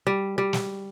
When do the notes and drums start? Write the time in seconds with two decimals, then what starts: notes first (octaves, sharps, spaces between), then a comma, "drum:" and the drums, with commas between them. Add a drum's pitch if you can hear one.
0.07 G3
0.38 G3
0.53 drum: snare